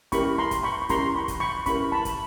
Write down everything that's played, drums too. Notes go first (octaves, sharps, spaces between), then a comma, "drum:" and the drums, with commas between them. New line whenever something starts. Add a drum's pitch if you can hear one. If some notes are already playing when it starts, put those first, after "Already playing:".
C#4 E4 G4 A#4 B5 C#6, drum: kick, hi-hat
A#5 C6
drum: kick, hi-hat
B5 C#6
C#6
C#4 E4 G4 A#4 A#5 C6, drum: kick, hi-hat
B5 C#6
drum: kick, hi-hat
B5 C#6
C#4 E4 G4 A#4 B5 C#6, drum: kick, hi-hat
A5 B5
drum: kick, hi-hat